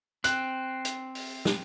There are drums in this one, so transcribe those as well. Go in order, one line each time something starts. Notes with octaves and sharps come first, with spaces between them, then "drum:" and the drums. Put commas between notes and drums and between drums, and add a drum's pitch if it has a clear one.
C4 F#6, drum: hi-hat
drum: hi-hat
drum: open hi-hat
drum: snare